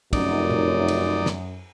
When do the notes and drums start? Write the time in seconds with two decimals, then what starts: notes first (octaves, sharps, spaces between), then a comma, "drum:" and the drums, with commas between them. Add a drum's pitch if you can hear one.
0.13 F1 F#2 D#4 D5, drum: kick, cymbal
0.51 drum: tom A#2
0.88 drum: cymbal
1.26 drum: snare